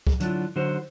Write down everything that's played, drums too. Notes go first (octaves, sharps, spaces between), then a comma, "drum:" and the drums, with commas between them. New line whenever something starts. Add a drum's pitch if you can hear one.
drum: kick
D3 F#3 D4 E4 F4, drum: hi-hat
D3 F#3 D#4 F#4 C5